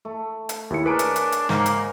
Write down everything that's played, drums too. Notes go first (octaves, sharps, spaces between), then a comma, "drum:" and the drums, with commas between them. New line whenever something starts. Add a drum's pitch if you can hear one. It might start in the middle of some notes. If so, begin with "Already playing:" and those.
A3
drum: hi-hat
D#2 E4 C#7
D4 G#4 A#4 B4 C#5 D7
drum: hi-hat
drum: hi-hat
drum: hi-hat
G#2 A#3, drum: snare
drum: hi-hat